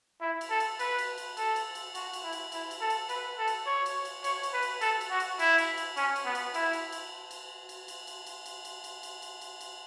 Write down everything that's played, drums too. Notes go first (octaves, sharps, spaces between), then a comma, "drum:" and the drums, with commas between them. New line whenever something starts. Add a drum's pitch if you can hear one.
E4
drum: cymbal
A4
drum: cymbal
B4, drum: cymbal
drum: cymbal
drum: cymbal
A4, drum: cymbal
drum: cymbal
drum: cymbal
F#4, drum: cymbal
drum: cymbal
E4
drum: cymbal
E4, drum: cymbal
drum: cymbal
A4
drum: cymbal
B4, drum: cymbal
A4
drum: cymbal
C#5
drum: cymbal
drum: cymbal
C#5, drum: cymbal
drum: cymbal
B4
drum: cymbal
A4, drum: cymbal
drum: cymbal
F#4
drum: cymbal
E4, drum: cymbal
drum: cymbal
drum: cymbal
C#4, drum: cymbal
drum: cymbal
B3
drum: cymbal
E4, drum: cymbal
drum: cymbal
drum: cymbal
drum: cymbal
drum: cymbal
drum: cymbal
drum: cymbal
drum: cymbal
drum: cymbal
drum: cymbal
drum: cymbal
drum: cymbal
drum: cymbal
drum: cymbal
drum: cymbal